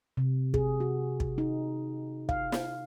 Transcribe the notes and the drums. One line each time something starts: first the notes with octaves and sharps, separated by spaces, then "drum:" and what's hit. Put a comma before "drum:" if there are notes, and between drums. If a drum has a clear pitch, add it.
C3
G#4, drum: kick
F#4
drum: kick
D#4
F5, drum: kick
drum: snare